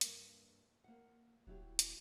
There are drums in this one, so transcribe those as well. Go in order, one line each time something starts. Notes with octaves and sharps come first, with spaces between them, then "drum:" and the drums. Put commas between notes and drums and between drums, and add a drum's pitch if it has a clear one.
G2 A#3, drum: hi-hat
A#3 F#5
D#1 F#3 E4 G4
drum: hi-hat